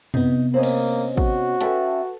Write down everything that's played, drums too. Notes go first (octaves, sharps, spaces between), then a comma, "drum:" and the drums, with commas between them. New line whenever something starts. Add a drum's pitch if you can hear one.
C3 B3 D#4, drum: tom
A#3 C4 C#4 D#5
drum: cymbal
F#4, drum: kick
C#4 A4 B4 E5 G5 A5, drum: hi-hat